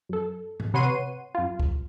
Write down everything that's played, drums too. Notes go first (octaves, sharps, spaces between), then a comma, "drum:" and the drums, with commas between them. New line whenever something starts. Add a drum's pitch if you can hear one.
F#2 A4
drum: tom G#2
C3 B4 C#5 F#5 C6 D#7
F#2 F4
drum: kick C#2